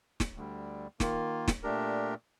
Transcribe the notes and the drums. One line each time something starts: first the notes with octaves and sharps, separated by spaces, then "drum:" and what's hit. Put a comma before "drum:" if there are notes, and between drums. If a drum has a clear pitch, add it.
drum: snare
D2 D3 G3
D#3 A#3 F4, drum: snare
drum: snare
A#2 A3 D4 G4 A#4